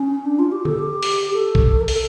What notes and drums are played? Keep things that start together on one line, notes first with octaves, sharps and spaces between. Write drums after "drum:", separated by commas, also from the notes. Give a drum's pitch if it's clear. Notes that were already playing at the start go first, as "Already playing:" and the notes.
Already playing: C#4
D4
F4
G4
A4, drum: tom D3
G4
drum: open hi-hat
A4
drum: kick B1
A#4
A4, drum: open hi-hat